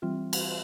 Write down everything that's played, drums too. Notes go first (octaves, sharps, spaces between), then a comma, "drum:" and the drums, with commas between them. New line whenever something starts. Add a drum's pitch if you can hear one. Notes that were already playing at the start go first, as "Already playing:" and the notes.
E3 G3 C4 F4
drum: cymbal